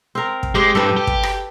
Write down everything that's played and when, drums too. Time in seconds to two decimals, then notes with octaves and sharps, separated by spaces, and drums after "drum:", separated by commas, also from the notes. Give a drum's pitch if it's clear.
0.15 C4 A#4
0.43 drum: kick
0.55 G#3 G4 C5
0.75 G2 A4 B4
0.97 G4
1.07 drum: kick
1.23 drum: rim click